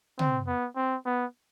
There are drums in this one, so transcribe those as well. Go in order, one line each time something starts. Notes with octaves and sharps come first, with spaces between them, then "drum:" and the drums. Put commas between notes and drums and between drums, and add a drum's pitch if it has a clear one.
C4, drum: tom
B3
C4
B3